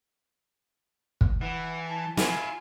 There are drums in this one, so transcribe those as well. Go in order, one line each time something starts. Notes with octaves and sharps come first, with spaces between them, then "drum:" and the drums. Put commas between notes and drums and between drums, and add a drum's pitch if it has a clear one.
drum: kick
E3 F#5
A5
E4 F4 G#5, drum: snare